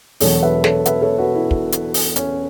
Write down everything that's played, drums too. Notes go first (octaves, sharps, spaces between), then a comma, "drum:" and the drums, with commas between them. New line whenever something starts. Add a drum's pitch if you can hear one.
E1 E2 B2 F#3 A4 C#5, drum: open hi-hat
B4 E5
A4 C#5, drum: snare
B4 E5, drum: hi-hat
A4 C#5
F#4 B4
E4
drum: kick
drum: hi-hat
drum: open hi-hat
C#4, drum: hi-hat